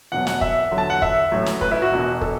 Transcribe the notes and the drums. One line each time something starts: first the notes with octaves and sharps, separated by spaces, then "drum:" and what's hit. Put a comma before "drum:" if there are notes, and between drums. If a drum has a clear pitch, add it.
E1 E2 B2 F#3 F#5
F#5, drum: snare
E5, drum: kick
E2 D3 F#3
A5
F#5
E5, drum: kick
A1 A2 F#3
drum: snare
B4, drum: kick
E4
F#4
E1 E2 B2
A4, drum: kick